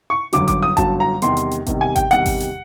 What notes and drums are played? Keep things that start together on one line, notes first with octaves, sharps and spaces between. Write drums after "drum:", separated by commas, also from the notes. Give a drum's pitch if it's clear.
C#6
G1 F#2 D3 F#3 D6, drum: hi-hat
D6, drum: kick G#1, hi-hat
D#6
G1 F#2 D3 F#3 A5, drum: kick G#1, hi-hat
A#5
E2 C3 D#3 G3 C6, drum: hi-hat
drum: hi-hat
drum: hi-hat
E2 C3 D#3 G3, drum: kick G#1, hi-hat
G#5
G5, drum: kick G#1, hi-hat
E2 C3 D#3 G3 F#5, drum: hi-hat
drum: kick G#1, open hi-hat
drum: hi-hat